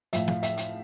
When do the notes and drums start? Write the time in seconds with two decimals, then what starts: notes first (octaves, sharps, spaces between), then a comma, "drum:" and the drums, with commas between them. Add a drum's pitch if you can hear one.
0.13 A2 F3 E5, drum: hi-hat
0.28 F5, drum: snare
0.43 E5, drum: hi-hat
0.57 drum: hi-hat